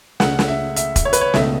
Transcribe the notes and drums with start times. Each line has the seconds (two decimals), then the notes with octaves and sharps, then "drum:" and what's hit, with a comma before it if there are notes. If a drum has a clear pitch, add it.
0.20 C#2 C#3 A3 F#5, drum: snare
0.39 drum: snare
0.48 E5
0.76 E5, drum: hi-hat
0.96 drum: kick E1, hi-hat
1.05 C#5
1.13 B4, drum: hi-hat
1.21 C#5
1.34 C#2 B2 A3 E5, drum: snare